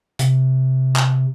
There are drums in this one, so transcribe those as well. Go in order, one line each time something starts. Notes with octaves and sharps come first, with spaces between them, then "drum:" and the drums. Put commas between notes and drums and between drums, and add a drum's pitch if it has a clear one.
C3, drum: hi-hat
drum: clap